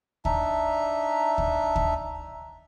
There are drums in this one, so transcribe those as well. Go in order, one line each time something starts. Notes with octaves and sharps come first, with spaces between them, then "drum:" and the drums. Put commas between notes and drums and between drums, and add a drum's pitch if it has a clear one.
D4 D#4 E5, drum: kick D2
drum: kick D2
drum: kick D2